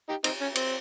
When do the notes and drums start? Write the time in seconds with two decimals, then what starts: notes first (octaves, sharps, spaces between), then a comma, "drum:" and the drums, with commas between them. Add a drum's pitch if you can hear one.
0.09 D#4 G4
0.24 C4 D#4, drum: cymbal
0.41 C#4
0.55 C4, drum: cymbal